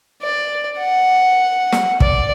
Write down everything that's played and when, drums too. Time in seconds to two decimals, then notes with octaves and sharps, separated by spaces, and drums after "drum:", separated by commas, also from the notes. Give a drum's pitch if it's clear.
0.23 D5
0.79 F#5
1.72 drum: snare
2.00 D5, drum: kick